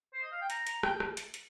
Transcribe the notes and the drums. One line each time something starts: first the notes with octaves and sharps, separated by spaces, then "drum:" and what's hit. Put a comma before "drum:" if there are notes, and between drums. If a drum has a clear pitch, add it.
C5
D#5
F5
G5
A#5, drum: hi-hat
A#5, drum: hi-hat
G5, drum: rim click
drum: rim click
drum: hi-hat
drum: hi-hat